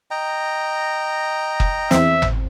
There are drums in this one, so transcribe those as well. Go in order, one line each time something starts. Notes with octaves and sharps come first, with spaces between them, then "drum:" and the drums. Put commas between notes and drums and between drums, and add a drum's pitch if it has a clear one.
D#5 G5 A#5
drum: kick
E2 C4 E5, drum: snare
drum: tom G#1